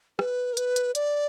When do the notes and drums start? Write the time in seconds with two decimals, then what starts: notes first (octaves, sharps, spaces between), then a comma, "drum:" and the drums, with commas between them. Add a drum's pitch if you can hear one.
0.19 B4, drum: rim click
0.53 A#4
0.57 B4, drum: hi-hat
0.76 drum: hi-hat
0.95 D5, drum: hi-hat